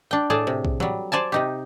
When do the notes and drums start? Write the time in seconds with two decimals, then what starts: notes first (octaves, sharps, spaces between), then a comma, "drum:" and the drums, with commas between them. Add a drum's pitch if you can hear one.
0.11 D4 G5
0.30 A2 G#4 D5 A5
0.47 C3
0.65 drum: kick B1
0.80 F#3 G3, drum: tom
1.12 C5 D5 G#5 A5
1.32 C3 D#4 G4